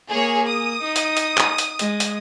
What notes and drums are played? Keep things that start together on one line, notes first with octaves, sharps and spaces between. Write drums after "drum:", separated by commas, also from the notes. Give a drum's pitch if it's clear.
A#3 G#4 C#5
D#6
D#4
drum: hi-hat
drum: hi-hat
drum: clap
drum: hi-hat
G#3, drum: hi-hat
drum: hi-hat